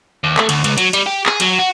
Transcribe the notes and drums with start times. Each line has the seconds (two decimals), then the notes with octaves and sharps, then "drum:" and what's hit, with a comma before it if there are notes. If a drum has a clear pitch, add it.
0.24 D#2
0.37 A3, drum: clap
0.49 D2, drum: cymbal
0.64 C#2, drum: cymbal
0.78 F#3, drum: cymbal
0.93 G3, drum: cymbal
1.06 G4
1.26 G#4, drum: clap
1.40 F#3, drum: cymbal
1.58 F#4